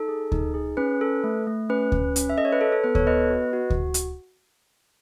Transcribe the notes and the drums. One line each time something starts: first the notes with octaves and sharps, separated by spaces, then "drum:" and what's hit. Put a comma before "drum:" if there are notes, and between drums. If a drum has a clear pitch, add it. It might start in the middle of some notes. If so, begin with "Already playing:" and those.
Already playing: D#4 A4
G#4
D#4, drum: kick D2
G#4
C#4 B4
A4
A3
A3
C#4 B4
C#4, drum: kick D2
C#4, drum: hi-hat
E5
A4 D#5
C#5
B4
A4
A4
B3 B4
A4 C#5, drum: kick D2
B3 B4 D#5
F#4
F#4
drum: kick D2
drum: hi-hat